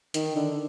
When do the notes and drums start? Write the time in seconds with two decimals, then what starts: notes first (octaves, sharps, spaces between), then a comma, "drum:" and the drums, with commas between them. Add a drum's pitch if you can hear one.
0.14 D#3, drum: hi-hat
0.36 D3